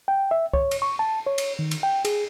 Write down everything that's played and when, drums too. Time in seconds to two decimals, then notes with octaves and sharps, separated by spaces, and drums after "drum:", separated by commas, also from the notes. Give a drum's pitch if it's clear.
0.08 G5
0.31 E5
0.53 C#5, drum: kick
0.71 drum: cymbal
0.82 C#6
0.99 A5
1.27 C#5
1.38 drum: cymbal
1.59 D#3
1.71 drum: cymbal
1.83 G5
2.05 G#4, drum: cymbal